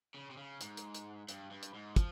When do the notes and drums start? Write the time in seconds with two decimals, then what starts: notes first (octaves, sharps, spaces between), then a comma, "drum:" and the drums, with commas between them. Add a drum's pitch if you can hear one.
0.14 C#3
0.30 C3
0.37 C#3
0.61 G#2, drum: hi-hat
0.77 drum: hi-hat
0.94 drum: hi-hat
1.29 G2, drum: hi-hat
1.51 G2
1.63 drum: hi-hat
1.74 G#2
1.96 F3, drum: kick, hi-hat